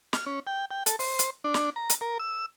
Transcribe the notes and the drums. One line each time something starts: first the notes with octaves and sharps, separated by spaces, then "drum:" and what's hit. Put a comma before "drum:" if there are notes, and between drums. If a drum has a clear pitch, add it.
F6, drum: snare
C#4
G5
G5
A4, drum: hi-hat
C5, drum: open hi-hat
drum: hi-hat
D4
drum: snare
A#5
drum: hi-hat
A#4
E6